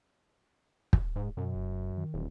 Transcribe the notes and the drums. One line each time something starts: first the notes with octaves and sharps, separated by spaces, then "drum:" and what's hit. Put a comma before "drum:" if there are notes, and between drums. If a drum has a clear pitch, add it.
drum: kick
G#2
F#2 B2
F1
D#3
D#1